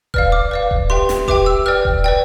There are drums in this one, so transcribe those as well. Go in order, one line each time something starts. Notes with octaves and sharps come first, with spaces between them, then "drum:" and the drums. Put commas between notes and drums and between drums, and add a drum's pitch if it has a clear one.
B4 D5 F5 F6, drum: kick D#1
D6
B4 D5 F5
drum: kick D#1
G4 B4 E5 G5 C6
drum: snare
G4 B4 E5 G5 D6, drum: kick D#1
E6
B4 D5 G5 F6
drum: kick D#1
B4 D5 G5